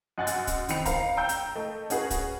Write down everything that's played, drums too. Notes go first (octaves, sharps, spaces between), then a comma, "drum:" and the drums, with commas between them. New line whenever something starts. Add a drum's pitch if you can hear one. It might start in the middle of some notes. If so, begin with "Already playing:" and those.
F#2 D#5 F#5 G#5 F#6 A6
drum: hi-hat
drum: kick, hi-hat
D#3 C4 D#5 B5 C#7 F7, drum: hi-hat
C5 F5 A#5, drum: kick, hi-hat
G5 A#5 E6 G6
drum: hi-hat
A3 D#5
C#4 F#4 G#4 B4, drum: hi-hat
drum: kick, hi-hat